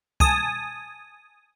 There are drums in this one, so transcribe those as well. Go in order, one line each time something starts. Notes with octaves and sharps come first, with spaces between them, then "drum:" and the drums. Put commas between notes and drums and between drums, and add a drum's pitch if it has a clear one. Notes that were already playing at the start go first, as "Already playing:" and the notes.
G#5 A5 D#6, drum: kick